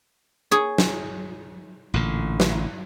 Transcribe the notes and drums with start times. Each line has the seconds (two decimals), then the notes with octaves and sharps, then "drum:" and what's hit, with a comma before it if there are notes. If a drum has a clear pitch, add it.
0.51 G#4 C#5
0.78 drum: snare
1.94 A1 A#2 D3
2.40 drum: snare